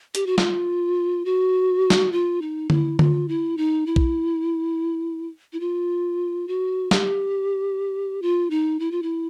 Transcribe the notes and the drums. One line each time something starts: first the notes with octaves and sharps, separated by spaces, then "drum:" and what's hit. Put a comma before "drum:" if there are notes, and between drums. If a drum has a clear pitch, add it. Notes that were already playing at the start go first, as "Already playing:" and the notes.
G4, drum: hi-hat
F#4
F4, drum: snare
F#4
drum: snare
F4
D#4
E4, drum: tom D3
F4, drum: tom D3
E4
D#4
E4
drum: kick A#1
E4
F4
F#4
G4, drum: snare
F4
D#4
E4
F4
E4